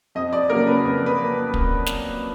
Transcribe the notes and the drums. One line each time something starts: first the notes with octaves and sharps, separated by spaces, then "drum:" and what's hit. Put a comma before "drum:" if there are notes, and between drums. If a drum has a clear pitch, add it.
F2 D#5
D5
C#3 F#3 A#3 A#4
B4
F2
B4
A#3
drum: kick
drum: snare